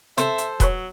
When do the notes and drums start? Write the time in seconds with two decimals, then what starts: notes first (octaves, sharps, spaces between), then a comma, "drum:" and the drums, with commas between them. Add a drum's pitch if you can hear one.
0.18 C3 A4 C5 E5, drum: hi-hat
0.38 drum: hi-hat
0.60 F#3 G#4 B4 C#5, drum: kick E1, hi-hat